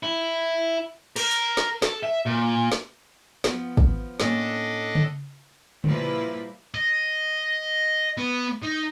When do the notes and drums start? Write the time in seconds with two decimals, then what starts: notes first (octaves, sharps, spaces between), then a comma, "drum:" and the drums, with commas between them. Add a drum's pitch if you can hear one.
0.03 E4
1.16 A#4, drum: cymbal
1.31 drum: hi-hat
1.57 drum: snare
1.82 A4, drum: snare
2.03 E5
2.26 A#2
2.72 drum: snare
3.44 F3 B3, drum: snare
3.77 drum: kick
4.20 A2 A#3 C#4 D4 A4 D#5, drum: snare
4.95 drum: tom C#3
5.84 A#2 F3 G3 A#3 E4 B4, drum: tom C#3
6.75 D#5
8.18 B3
8.62 D#4